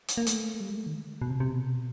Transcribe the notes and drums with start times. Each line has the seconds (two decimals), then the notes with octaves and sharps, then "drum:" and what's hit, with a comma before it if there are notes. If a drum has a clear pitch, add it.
0.08 drum: hi-hat
0.17 A#3
0.27 A3, drum: hi-hat
0.60 G3
0.70 G#3
0.78 A3
0.86 D#3
1.22 B2
1.30 C3
1.40 C3
1.52 B2